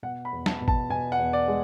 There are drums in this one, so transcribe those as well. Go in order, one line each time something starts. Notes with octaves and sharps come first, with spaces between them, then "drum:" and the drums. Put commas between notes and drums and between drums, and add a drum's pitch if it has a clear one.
B2 F#5
B5
E2
A5, drum: snare
B2
A5, drum: kick G#1
B2 G#5
F#5
E2
D5
G#3